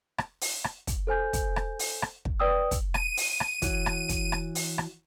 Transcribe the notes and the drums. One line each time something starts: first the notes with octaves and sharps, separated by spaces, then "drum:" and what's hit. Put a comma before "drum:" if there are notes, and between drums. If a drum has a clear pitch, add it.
drum: rim click
drum: open hi-hat
drum: rim click
drum: kick, hi-hat
A4 C5 G#5 G6
drum: kick, hi-hat
drum: rim click
drum: open hi-hat
drum: rim click
drum: kick
B4 D5 G5 D#6 E6
drum: kick, hi-hat
D#7, drum: rim click
drum: open hi-hat
drum: rim click
E3 F#4 C#5, drum: kick, hi-hat
drum: rim click
drum: kick, hi-hat
drum: rim click
drum: open hi-hat
drum: rim click